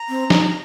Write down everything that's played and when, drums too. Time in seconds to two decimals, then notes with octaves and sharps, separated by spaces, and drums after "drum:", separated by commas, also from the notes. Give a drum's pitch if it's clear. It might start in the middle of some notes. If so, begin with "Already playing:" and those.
Already playing: A#5
0.09 C4
0.30 D#4, drum: snare